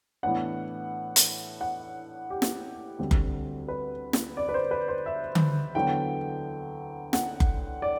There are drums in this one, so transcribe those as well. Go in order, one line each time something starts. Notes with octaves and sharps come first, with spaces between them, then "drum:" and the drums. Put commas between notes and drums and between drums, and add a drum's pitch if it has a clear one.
A2 E3 B3 D4 F#5
drum: hi-hat
F#5
G4
drum: snare
D2 D3 G3 C4
drum: kick F#1
B4
drum: snare
D5
B4
C5
B4
C5
E5
drum: tom D3
E2 D3 F#3 B3 G5
F#5, drum: snare
drum: kick F#1
D5